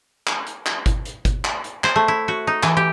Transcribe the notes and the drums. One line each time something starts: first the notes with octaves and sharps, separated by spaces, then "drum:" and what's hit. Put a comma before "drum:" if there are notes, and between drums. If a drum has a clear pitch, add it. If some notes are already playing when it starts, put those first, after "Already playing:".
drum: clap
drum: hi-hat
drum: clap
drum: kick G1, hi-hat
drum: hi-hat
drum: kick G1, hi-hat
drum: clap
drum: hi-hat
C5, drum: clap
A3
E4
F#4
D#4
E3, drum: clap
G4